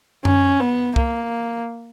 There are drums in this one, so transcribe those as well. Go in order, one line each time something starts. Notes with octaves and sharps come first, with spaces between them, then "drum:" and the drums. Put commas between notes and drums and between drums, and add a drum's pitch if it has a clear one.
C#4, drum: tom F#2
B3
A#3, drum: kick